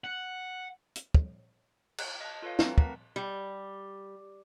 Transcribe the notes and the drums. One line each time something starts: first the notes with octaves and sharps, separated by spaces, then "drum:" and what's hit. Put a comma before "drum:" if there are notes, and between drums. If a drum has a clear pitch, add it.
F#5
drum: hi-hat
drum: kick
drum: cymbal
D#5 A5
F4 A4 B4 C#5 F5
C4 B4 A5 A#5, drum: snare
A3 A#4 F#5 A#5 B6, drum: kick
G3